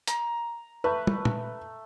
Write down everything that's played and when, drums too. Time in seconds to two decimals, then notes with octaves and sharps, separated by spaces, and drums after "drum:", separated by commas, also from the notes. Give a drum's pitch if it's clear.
0.07 A#5, drum: hi-hat
0.84 A3 B4
1.07 drum: tom
1.25 drum: tom